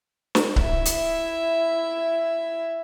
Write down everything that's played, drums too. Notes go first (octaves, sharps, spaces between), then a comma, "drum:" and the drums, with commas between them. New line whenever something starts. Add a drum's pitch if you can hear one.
drum: snare
E4 E5, drum: kick C#1
drum: hi-hat